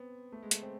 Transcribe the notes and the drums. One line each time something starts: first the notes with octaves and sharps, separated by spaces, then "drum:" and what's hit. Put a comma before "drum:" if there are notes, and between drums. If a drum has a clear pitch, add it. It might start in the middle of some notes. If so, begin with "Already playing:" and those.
Already playing: B3 C4
A3
G#3
A3, drum: hi-hat
C4